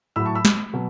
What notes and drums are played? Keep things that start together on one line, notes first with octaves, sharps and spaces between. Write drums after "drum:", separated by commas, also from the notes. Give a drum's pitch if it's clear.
A2 F#3 B5 E6
A5 C#6
B5 E6
drum: snare
B2 F#3